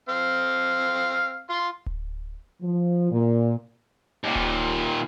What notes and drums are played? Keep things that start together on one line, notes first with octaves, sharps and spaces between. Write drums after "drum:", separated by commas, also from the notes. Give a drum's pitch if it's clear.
C4 F5
F4 C6
drum: kick D1
F3
A#2
D#2 A#2
drum: kick D1